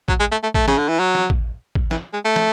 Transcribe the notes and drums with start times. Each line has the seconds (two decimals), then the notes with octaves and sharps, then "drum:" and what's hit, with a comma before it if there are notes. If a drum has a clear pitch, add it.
0.08 F#3, drum: kick A1
0.20 G#3
0.32 A3
0.43 A3
0.54 A3, drum: kick A1
0.68 C#3, drum: snare
0.78 D3
0.89 E3
1.00 F#3
1.15 drum: snare
1.30 drum: kick A1
1.75 drum: kick A1
1.91 E3, drum: snare
2.14 G#3
2.25 A3
2.36 drum: snare